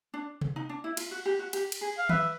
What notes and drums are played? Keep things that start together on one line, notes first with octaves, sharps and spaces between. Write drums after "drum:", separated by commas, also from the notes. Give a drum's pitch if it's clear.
D4
drum: tom C3
D#4
D4
E4
F4, drum: cymbal
F#4
G4
F#4
G4, drum: cymbal
drum: cymbal
G#4
F5
B4 E5, drum: tom